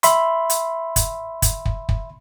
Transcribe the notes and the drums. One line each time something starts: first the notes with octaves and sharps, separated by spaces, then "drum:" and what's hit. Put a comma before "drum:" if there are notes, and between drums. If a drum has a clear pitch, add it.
E5 B5 C6, drum: hi-hat
drum: hi-hat
drum: kick, hi-hat
drum: kick, hi-hat
drum: kick
drum: kick